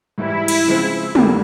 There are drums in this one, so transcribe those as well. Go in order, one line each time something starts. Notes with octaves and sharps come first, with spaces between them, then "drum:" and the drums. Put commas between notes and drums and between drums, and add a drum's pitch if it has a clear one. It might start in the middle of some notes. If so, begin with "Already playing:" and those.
G#2 E3 G3 E4
drum: cymbal
C#3 F3 G#3 C4
F2 D3 G3 A#3, drum: tom